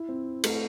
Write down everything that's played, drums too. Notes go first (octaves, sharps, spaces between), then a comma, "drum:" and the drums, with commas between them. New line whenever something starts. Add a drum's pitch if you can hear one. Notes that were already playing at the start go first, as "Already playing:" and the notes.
Already playing: E4
C4
A3, drum: cymbal